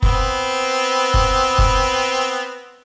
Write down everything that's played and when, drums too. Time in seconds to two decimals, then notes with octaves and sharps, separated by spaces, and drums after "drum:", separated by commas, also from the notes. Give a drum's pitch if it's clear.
0.03 B3 C4 B4, drum: kick
1.14 drum: kick
1.58 drum: kick